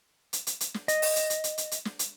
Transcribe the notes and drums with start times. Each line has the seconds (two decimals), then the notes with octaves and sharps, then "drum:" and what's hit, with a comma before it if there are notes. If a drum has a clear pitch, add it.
0.33 drum: hi-hat
0.47 drum: hi-hat
0.61 drum: hi-hat
0.74 drum: snare
0.88 D#5, drum: hi-hat
1.02 drum: open hi-hat
1.16 drum: hi-hat
1.30 drum: hi-hat
1.44 drum: hi-hat
1.58 drum: hi-hat
1.71 drum: hi-hat
1.85 drum: snare
1.99 drum: hi-hat